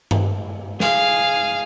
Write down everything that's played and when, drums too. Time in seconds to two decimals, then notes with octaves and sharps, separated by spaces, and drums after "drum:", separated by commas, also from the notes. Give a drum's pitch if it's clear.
0.11 drum: tom G2
0.80 G#4 F5, drum: snare